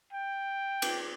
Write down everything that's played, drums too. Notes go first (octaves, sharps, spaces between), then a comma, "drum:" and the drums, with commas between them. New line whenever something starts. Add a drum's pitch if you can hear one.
G5
drum: cymbal